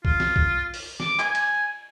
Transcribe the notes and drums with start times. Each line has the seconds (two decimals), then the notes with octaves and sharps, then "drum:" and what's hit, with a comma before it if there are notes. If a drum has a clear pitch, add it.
0.05 F4, drum: kick
0.20 drum: snare
0.36 drum: kick
0.74 drum: open hi-hat
1.00 D6, drum: snare
1.19 G#5, drum: clap
1.35 drum: cymbal